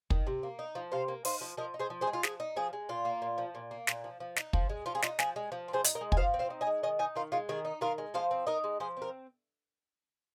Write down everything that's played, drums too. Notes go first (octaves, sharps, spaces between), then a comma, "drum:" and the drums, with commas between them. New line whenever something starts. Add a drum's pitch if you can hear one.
D#3, drum: kick
C3
A#3
D#4
F3
C3 C5 F5
A#3
D#4 C5 F5, drum: open hi-hat
F3
F3 A#4 D#5
D#4
G#4 C5
F3
G#4 C5
G#3
F4
F3 G#4, drum: snare
D#4
F3 G#4
G#3
A#2 F4
A#3
A#2
F3
A#2
A#3
A#2, drum: snare
F3
F3
D#4, drum: snare
F3, drum: kick
G#3
F3 F4
G#4
D#4 F4, drum: snare
F3 G#4, drum: snare
G#3
F3
C4
G#4 C5
D#4, drum: hi-hat
A#4 D#5
G#3
G#5, drum: kick
F3 C5 F5
C4
C5 F5
D#4
D#5 G#5
G#3
D#3 D#5 G#5
D#4 D#5 G#5
D#3 F4 A#4
G#3 F4
D#3 G#4
D#4
D#3 F4 A#4
G#3
F3 C5 F5
C4
D#4 A#4 D#5
G#3
F3 G#4 C5
C4
A#4